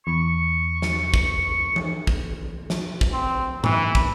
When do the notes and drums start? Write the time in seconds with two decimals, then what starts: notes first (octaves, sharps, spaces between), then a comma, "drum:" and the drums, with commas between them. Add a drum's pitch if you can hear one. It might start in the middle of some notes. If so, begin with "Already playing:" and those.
0.07 E2 C#6
0.82 drum: snare
1.14 drum: kick
1.76 drum: tom E3
2.07 drum: kick
2.70 drum: snare
3.01 drum: kick
3.12 C4
3.64 E3, drum: tom G#2
3.95 drum: kick